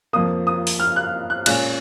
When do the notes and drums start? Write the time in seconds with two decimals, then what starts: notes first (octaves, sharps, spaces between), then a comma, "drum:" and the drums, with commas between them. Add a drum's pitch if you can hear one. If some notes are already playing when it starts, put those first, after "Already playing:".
0.13 F2 F3 A#3 D#6
0.47 D#6
0.67 drum: open hi-hat
0.80 F6
0.96 F#6
1.30 F#6
1.46 A#2 G#3 C#4 F#6, drum: cymbal